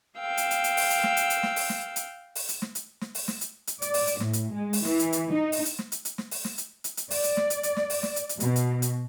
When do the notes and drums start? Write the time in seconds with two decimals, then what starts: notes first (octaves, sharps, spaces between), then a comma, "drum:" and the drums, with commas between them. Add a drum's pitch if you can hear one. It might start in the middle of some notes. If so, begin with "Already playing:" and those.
0.20 F5 G5 E6
0.37 drum: hi-hat
0.51 drum: hi-hat
0.64 drum: hi-hat
0.77 drum: open hi-hat
0.90 drum: hi-hat
1.03 drum: snare
1.17 drum: hi-hat
1.30 drum: hi-hat
1.43 drum: snare
1.56 drum: open hi-hat
1.69 drum: snare
1.96 drum: hi-hat
2.35 drum: open hi-hat
2.49 drum: hi-hat
2.62 drum: snare
2.75 drum: hi-hat
3.01 drum: snare
3.15 drum: open hi-hat
3.28 drum: snare
3.41 drum: hi-hat
3.67 drum: hi-hat
3.82 D5, drum: hi-hat
3.94 drum: open hi-hat
4.07 drum: hi-hat
4.20 A2, drum: snare
4.33 drum: hi-hat
4.54 G#3
4.73 drum: open hi-hat
4.85 E3, drum: snare
4.99 drum: hi-hat
5.13 drum: hi-hat
5.32 D#4
5.52 drum: open hi-hat
5.65 drum: hi-hat
5.79 drum: snare
5.92 drum: hi-hat
6.05 drum: hi-hat
6.18 drum: snare
6.31 drum: open hi-hat
6.45 drum: snare
6.58 drum: hi-hat
6.84 drum: hi-hat
6.97 drum: hi-hat
7.11 D5, drum: open hi-hat
7.24 drum: hi-hat
7.37 drum: snare
7.50 drum: hi-hat
7.63 drum: hi-hat
7.76 drum: snare
7.90 drum: open hi-hat
8.03 drum: snare
8.16 drum: hi-hat
8.29 drum: hi-hat
8.40 B2, drum: hi-hat
8.56 drum: hi-hat
8.82 drum: hi-hat